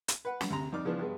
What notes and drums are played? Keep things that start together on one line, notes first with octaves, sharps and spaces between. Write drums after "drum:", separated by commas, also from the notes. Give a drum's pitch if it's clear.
drum: hi-hat
B4 F#5
drum: snare
D2 C3 A#5
F2 D#4 D5 D6 F6
C#3 E3 F3 G#3 B3 D4
G2 G#3 B3